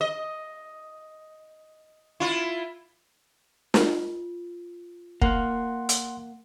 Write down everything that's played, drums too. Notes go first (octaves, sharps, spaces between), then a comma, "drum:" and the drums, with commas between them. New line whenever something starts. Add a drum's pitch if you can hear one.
D#5
E4 F4
F4, drum: snare
A#3 F#5 C6 F#6, drum: kick
drum: hi-hat